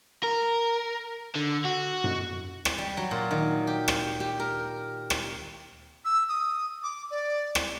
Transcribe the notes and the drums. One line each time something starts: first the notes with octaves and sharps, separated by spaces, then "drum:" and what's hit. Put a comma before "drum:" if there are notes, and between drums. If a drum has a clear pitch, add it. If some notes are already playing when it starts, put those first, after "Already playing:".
A#4
D3
F#4
drum: tom F#2
drum: rim click
G3
F#3
A#2
D#3
G4
drum: rim click
G4
A#4
drum: rim click
E6
D#6
D6
D5
drum: rim click